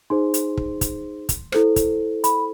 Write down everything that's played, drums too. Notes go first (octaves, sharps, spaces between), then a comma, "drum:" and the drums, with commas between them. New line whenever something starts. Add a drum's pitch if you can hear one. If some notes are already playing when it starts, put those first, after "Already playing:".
D#4 G#4 C5 C6
drum: hi-hat
drum: kick
drum: kick, hi-hat
drum: kick, hi-hat
E4 A4 C5, drum: rim click
drum: kick, hi-hat
B5, drum: hi-hat